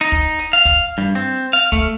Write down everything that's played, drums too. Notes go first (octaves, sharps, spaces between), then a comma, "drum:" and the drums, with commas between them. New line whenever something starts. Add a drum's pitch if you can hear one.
D#4
drum: kick
drum: hi-hat
F5
drum: kick, hi-hat
G2
C4
F5
A3, drum: kick, hi-hat